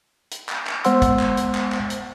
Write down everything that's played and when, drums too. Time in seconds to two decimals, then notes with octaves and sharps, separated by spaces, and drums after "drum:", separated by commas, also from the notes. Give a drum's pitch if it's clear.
0.31 drum: hi-hat
0.49 drum: clap
0.67 drum: clap
0.84 G#3 B3 C5 F#5 C6 E6, drum: hi-hat
1.02 drum: kick, hi-hat
1.19 drum: clap
1.37 drum: hi-hat
1.55 drum: clap
1.72 drum: clap
1.90 drum: hi-hat